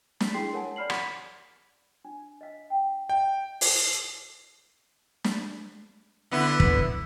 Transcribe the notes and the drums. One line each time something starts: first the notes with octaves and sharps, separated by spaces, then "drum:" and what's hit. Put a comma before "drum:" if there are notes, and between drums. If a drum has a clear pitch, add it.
B6, drum: snare
D4 E4 G#4 G5 C6 C7
A#4 C#5 F#5 G#5 A5
D5 B5 F6 C7 F#7
F#5 B5 B6, drum: rim click
D4
D#5 F5
G5
D#5 G5
drum: open hi-hat
drum: snare
D3 B3 E4
drum: kick